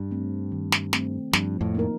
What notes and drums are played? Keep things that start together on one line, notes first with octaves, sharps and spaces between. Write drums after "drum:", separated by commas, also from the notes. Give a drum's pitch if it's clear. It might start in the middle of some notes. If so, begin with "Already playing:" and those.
Already playing: G2
A3 C4
D#3
drum: snare
A3 C4, drum: snare
G2 F3, drum: snare
F2 A2
A#3 D#4 A#4